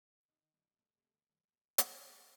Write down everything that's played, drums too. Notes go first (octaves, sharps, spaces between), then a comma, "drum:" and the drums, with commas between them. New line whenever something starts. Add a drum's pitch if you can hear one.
D3
C3 D#4
D#3
G2 D#3
C3
A#2 A3
C3
A3
D3
G2 D#3
F3
G2 A3
G2 G3, drum: hi-hat
G3
C3